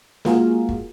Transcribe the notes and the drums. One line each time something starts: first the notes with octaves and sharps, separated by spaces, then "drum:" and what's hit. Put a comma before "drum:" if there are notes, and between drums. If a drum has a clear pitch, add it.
G#3 A#3 F4 F#4 G#4 A#4, drum: snare
drum: kick